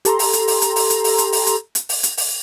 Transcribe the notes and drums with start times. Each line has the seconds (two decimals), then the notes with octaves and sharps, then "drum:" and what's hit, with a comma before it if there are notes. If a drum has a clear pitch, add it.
0.05 G4 A4 A#5 C6, drum: hi-hat
0.19 drum: open hi-hat
0.33 drum: hi-hat
0.47 drum: open hi-hat
0.62 drum: hi-hat
0.76 drum: open hi-hat
0.90 drum: hi-hat
1.04 drum: open hi-hat
1.18 drum: hi-hat
1.32 drum: open hi-hat
1.47 drum: hi-hat
1.75 drum: hi-hat
1.89 drum: open hi-hat
2.03 drum: hi-hat
2.17 drum: open hi-hat